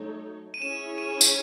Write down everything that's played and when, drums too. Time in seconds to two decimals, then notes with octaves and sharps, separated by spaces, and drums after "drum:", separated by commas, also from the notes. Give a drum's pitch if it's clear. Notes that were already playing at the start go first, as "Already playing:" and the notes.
Already playing: F#3 A3 D#4 A4 C#5
0.54 D#7
0.62 C#4 E4 G#4 C#5 E7
0.98 D#7
1.21 drum: tambourine